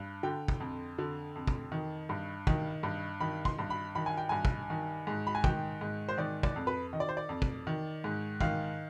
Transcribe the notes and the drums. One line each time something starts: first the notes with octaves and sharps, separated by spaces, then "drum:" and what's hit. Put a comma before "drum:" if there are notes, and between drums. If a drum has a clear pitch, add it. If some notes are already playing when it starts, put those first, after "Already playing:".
Already playing: G2
D3 G5
drum: kick
F2
D3
F2
drum: kick
D#3
G2
D#3, drum: kick
G2
D#3 B5
C6, drum: kick
G2
B5
D#3 B5
G#5
G5
G2 G#5
drum: kick
D#3
G#2
B5
G#5
D#3 G5, drum: kick
G#2
C5
D#3 D5
D5, drum: kick
F2
B4
D#3 D#5
D5
C5
D5
F2
drum: kick
D#3
G#2
D#3 F5, drum: kick